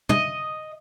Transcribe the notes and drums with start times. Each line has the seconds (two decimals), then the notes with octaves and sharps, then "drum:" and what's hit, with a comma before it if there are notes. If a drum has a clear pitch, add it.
0.09 D#5, drum: tom